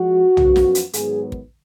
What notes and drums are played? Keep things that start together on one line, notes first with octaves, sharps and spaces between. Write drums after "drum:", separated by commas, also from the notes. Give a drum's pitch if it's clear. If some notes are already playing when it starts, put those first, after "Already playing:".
Already playing: F3 G#3 F#4
F#2 F3 B3, drum: tom
drum: snare
drum: hi-hat
G#2 D#3 F#3 B3 G#4, drum: hi-hat
drum: kick